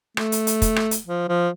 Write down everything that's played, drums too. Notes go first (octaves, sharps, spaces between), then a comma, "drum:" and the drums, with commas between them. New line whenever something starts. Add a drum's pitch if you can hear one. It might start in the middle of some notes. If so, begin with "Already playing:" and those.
A3, drum: rim click
drum: hi-hat
drum: hi-hat
drum: kick, hi-hat
drum: rim click
drum: hi-hat
F3
F3